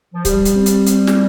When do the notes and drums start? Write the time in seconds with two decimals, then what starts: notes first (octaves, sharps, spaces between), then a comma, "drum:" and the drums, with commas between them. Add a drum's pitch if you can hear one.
0.14 F3
0.25 G3 G4, drum: kick C#1, hi-hat
0.45 drum: hi-hat
0.56 C4
0.66 drum: hi-hat
0.86 C4, drum: hi-hat
1.07 drum: snare